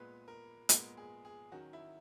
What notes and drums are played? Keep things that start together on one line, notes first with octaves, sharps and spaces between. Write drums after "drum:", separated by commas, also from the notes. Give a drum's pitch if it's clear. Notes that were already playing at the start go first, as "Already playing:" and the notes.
Already playing: A#2 G#3 B3 B4
A#4
A#2 G#3 B3 A#4, drum: hi-hat
G#4
G#4
D#3 F#3 C#4 F#4
E4